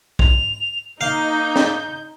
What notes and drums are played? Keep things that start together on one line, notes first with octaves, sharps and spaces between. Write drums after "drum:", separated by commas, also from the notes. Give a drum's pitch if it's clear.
F7, drum: kick
A#3 D#4 F5 G6
drum: snare